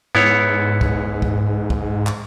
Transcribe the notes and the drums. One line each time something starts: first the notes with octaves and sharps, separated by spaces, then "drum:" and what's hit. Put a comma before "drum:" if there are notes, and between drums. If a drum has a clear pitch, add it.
G#2 B3 E4 C#5
drum: kick
drum: kick
drum: kick
drum: clap